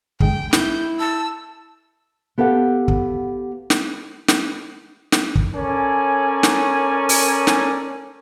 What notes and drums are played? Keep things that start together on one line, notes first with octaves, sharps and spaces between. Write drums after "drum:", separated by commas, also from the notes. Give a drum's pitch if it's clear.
D3 G#3 G#4 G5, drum: kick
E4 G6, drum: snare
A5 E6
B3 G4 A4 F5 F#5
drum: kick
drum: snare
drum: snare
drum: snare
drum: kick
C#4 A4 A#4 C#5 D5 G#5
drum: snare
drum: open hi-hat
drum: snare